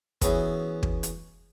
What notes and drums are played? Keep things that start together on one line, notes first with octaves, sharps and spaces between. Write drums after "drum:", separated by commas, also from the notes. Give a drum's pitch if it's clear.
E3 B3 C#4 F#4 G#4 B4, drum: kick, hi-hat
drum: kick
drum: hi-hat